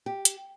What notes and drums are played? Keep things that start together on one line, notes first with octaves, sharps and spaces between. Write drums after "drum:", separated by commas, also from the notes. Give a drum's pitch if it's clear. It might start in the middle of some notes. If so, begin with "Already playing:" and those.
G4
drum: hi-hat